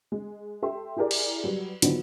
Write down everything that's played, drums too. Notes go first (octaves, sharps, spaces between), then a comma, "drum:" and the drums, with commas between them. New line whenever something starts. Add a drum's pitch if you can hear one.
G#3
G4 A4 E5 G5 C6
E4 G4 G#4 A#4 D5
drum: cymbal
F#3 G3 B4
D3 D#3 F3 F#3 B3 D4, drum: hi-hat